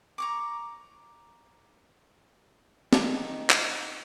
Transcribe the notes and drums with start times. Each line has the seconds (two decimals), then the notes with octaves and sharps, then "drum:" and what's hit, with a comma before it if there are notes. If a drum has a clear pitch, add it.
0.18 A#5 C#6 D6
2.93 D#3, drum: snare
3.50 drum: clap